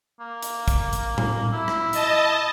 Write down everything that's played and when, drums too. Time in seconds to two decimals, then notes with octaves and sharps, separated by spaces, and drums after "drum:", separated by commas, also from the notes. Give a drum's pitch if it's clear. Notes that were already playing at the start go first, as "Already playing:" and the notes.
0.20 A#3
0.43 drum: hi-hat
0.68 drum: kick, hi-hat
0.93 drum: hi-hat
1.18 drum: tom A2
1.53 E4
1.68 drum: rim click
1.93 D#5 A5, drum: hi-hat